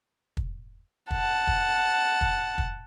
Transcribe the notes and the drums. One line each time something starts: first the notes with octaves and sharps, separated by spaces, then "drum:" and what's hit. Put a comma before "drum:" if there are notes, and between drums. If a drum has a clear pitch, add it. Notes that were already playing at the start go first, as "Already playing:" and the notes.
drum: kick
F#5 A5, drum: kick
drum: kick
drum: kick
drum: kick